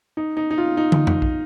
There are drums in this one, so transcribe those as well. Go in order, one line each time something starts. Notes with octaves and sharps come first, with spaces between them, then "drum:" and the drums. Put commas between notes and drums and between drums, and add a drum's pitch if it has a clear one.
D#4
D#4
D#4
F4
D#4
drum: tom
drum: tom F2
drum: kick A#1